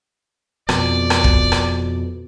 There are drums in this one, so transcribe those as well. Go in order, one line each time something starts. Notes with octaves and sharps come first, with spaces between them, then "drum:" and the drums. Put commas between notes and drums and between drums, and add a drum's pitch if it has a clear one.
F2 B2 D5, drum: rim click
drum: rim click
drum: kick
drum: rim click